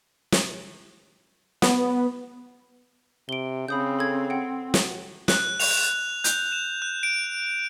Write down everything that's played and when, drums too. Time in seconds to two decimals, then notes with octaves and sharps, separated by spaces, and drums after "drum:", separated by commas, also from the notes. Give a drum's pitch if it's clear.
0.32 drum: snare
1.62 B3, drum: snare
3.29 C3 D7 G7
3.68 C#3 C4 B5 D#6 G6
3.99 A4 G#6
4.30 F#5 G5
4.74 F#4, drum: snare
5.28 F#6, drum: snare
5.60 F7, drum: open hi-hat
6.24 G6, drum: hi-hat
6.52 E7
6.82 F#6
7.03 D7